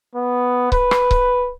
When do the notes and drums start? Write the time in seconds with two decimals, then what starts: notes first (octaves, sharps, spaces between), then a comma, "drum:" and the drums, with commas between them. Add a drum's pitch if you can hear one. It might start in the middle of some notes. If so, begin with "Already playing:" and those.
0.15 B3
0.72 B4, drum: kick C#1
0.91 drum: rim click
1.11 drum: kick C#1